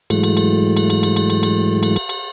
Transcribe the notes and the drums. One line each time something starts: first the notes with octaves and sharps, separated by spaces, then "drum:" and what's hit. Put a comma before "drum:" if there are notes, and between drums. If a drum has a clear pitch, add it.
G#2 E3 F#3 G#3 A3, drum: cymbal
drum: cymbal
drum: cymbal
drum: cymbal
drum: cymbal
drum: cymbal
drum: cymbal
drum: cymbal
drum: cymbal
drum: cymbal
drum: cymbal
drum: cymbal